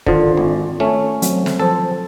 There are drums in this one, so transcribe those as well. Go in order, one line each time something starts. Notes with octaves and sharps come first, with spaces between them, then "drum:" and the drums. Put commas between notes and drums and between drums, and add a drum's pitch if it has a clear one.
D3 D#3 F4 C5, drum: kick
G#1
A3 C#4
F#3 C4, drum: hi-hat
drum: snare
F3 A4 C5